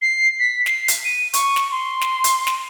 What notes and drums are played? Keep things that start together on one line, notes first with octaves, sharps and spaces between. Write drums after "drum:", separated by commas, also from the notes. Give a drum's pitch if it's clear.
C7
B6
C7, drum: snare
drum: hi-hat
D#7
C#6, drum: hi-hat
drum: snare
C6
drum: snare
drum: hi-hat
drum: snare